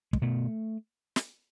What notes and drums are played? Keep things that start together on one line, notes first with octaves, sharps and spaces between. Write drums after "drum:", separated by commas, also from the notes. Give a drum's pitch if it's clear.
G#3, drum: kick
B2 A3
drum: snare